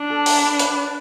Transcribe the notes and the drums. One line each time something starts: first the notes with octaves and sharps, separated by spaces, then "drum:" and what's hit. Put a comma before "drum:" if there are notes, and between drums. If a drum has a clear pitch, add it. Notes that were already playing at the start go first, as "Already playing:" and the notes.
Already playing: D4
A4
A#4, drum: open hi-hat
B4
B4, drum: hi-hat